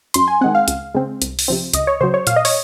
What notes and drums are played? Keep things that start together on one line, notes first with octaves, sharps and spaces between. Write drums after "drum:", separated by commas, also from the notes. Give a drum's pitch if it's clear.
F#2 C6, drum: hi-hat
G#5
D#3 G#3 C4 F#5
F5
C#2, drum: hi-hat
C#3 G#3 C4
C2, drum: hi-hat
drum: open hi-hat
C3 F3 C4
C#2 D#5, drum: hi-hat
C#5
C#3 F#3 C5
C#5
A#2 F5, drum: hi-hat
D#5
C#5, drum: open hi-hat